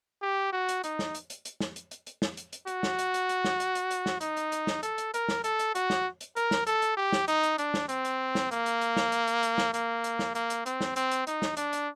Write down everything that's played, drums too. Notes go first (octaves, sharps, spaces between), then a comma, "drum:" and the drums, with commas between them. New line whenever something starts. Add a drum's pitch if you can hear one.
G4
F#4
drum: hi-hat
D#4, drum: hi-hat
drum: snare
drum: hi-hat
drum: hi-hat
drum: hi-hat
drum: snare
drum: hi-hat
drum: hi-hat
drum: hi-hat
drum: snare
drum: hi-hat
drum: hi-hat
F#4, drum: hi-hat
drum: snare
drum: hi-hat
drum: hi-hat
drum: hi-hat
drum: snare
drum: hi-hat
drum: hi-hat
drum: hi-hat
drum: snare
D#4, drum: hi-hat
drum: hi-hat
drum: hi-hat
drum: snare
A4, drum: hi-hat
drum: hi-hat
A#4, drum: hi-hat
drum: snare
A4, drum: hi-hat
drum: hi-hat
F#4, drum: hi-hat
drum: snare
drum: hi-hat
A#4, drum: hi-hat
drum: snare
A4, drum: hi-hat
drum: hi-hat
G4
drum: snare
D#4, drum: hi-hat
drum: hi-hat
D4, drum: hi-hat
drum: snare
C4, drum: hi-hat
drum: hi-hat
drum: snare
A#3, drum: hi-hat
drum: hi-hat
drum: hi-hat
drum: snare
drum: hi-hat
drum: hi-hat
drum: hi-hat
drum: snare
A#3, drum: hi-hat
drum: hi-hat
drum: snare
A#3, drum: hi-hat
drum: hi-hat
C4, drum: hi-hat
drum: snare
C4, drum: hi-hat
drum: hi-hat
D#4, drum: hi-hat
drum: snare
D4, drum: hi-hat
drum: hi-hat